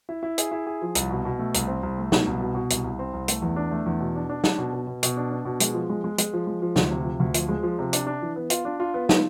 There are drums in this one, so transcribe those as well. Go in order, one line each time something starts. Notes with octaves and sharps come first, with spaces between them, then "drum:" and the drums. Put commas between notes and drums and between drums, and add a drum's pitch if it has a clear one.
E4
E4
G#4, drum: hi-hat
E4
G#4
F3
C2, drum: hi-hat
B2
B2
A3
C2, drum: hi-hat
C4
C2
A3
B2, drum: snare
C2
B2
B2
C2, drum: hi-hat
C2
C4
C2
A3, drum: hi-hat
E2
D4
A3
E2
B2
D4
D4
D4, drum: snare
B2
B2
B2
B2, drum: hi-hat
D4
D4
B2
G#3, drum: hi-hat
F3
G#3
G#3
G#3, drum: hi-hat
F3
G#3
F3
D2, drum: snare
C3
F3
D2
F3, drum: hi-hat
G#3
F3
C3
D4, drum: hi-hat
D4
E3
B3
F4, drum: hi-hat
D4
F4
B3
F4, drum: snare